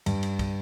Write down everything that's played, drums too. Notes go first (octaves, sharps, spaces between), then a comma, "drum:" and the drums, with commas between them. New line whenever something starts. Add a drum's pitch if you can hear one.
G2, drum: cymbal
drum: cymbal
drum: kick, cymbal